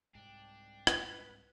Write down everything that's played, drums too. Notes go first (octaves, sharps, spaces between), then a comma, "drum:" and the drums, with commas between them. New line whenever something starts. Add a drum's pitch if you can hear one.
C2 G#2 D4 G5
B4, drum: rim click